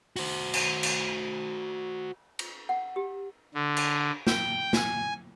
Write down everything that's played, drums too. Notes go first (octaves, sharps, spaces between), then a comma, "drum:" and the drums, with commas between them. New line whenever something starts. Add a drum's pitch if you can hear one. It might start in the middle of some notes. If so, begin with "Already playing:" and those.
F#4 C5, drum: open hi-hat
drum: cymbal
drum: cymbal
drum: cymbal
F#5
G4
D3
drum: cymbal
G5, drum: snare
G#5, drum: snare